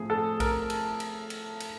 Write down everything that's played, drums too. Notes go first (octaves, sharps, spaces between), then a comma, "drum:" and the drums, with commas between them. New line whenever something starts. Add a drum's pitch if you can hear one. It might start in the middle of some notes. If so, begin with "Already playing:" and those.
Already playing: A2 F3 G#4
A4
A#4, drum: kick B1, cymbal
drum: cymbal
drum: cymbal
drum: cymbal
drum: cymbal